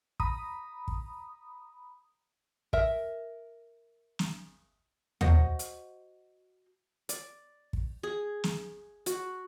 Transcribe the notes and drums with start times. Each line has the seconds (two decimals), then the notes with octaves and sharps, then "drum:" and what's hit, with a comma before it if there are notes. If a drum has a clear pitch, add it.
0.20 A#5 B5 D#6, drum: kick
0.88 drum: kick
2.73 A#4 E5, drum: kick
4.19 drum: snare
5.21 F#4 C5 D#5 F#5, drum: tom D#2
5.59 drum: hi-hat
7.09 D5, drum: hi-hat
7.73 drum: kick
8.03 G#4
8.44 drum: snare
9.06 F#4, drum: hi-hat